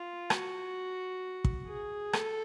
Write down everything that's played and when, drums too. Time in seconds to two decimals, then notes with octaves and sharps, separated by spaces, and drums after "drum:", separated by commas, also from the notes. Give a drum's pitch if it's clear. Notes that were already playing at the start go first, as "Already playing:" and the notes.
Already playing: F4
0.30 F#4, drum: rim click
1.45 drum: kick
1.68 G#4
2.13 A4, drum: rim click